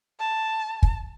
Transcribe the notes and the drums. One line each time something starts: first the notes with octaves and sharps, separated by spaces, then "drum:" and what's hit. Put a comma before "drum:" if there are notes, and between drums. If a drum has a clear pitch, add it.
A5
drum: kick